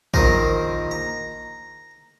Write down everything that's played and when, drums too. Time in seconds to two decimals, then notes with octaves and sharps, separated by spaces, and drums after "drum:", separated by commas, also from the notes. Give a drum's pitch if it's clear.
0.14 A#1 D#3 A#4 C5 D#5, drum: kick
0.91 A#5